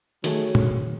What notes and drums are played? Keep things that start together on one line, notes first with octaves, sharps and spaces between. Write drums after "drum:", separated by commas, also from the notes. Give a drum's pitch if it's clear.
D#3 F#3 A3 G#4, drum: hi-hat
drum: tom